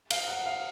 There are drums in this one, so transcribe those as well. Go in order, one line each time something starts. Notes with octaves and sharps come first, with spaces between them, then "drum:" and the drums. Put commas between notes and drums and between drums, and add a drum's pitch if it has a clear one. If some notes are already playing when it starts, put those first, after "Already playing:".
F5, drum: cymbal
F#5
F5